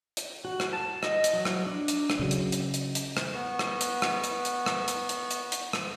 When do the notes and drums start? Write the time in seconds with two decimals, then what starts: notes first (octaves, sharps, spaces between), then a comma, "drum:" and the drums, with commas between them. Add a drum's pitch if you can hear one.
0.17 drum: hi-hat
0.45 F#4
0.60 drum: rim click
0.73 A5
1.03 D#5, drum: rim click
1.24 drum: hi-hat
1.33 F#3
1.45 drum: rim click
1.66 D4
1.88 drum: hi-hat
2.10 drum: rim click
2.19 C#3 F#3
2.31 drum: hi-hat
2.52 drum: hi-hat
2.74 drum: hi-hat
2.95 drum: hi-hat
3.17 drum: rim click
3.33 B3 C#6
3.59 drum: rim click
3.81 drum: hi-hat
4.02 drum: rim click
4.24 drum: hi-hat
4.45 drum: hi-hat
4.66 drum: rim click
4.88 drum: hi-hat
5.09 drum: hi-hat
5.31 drum: hi-hat
5.52 drum: hi-hat
5.73 drum: rim click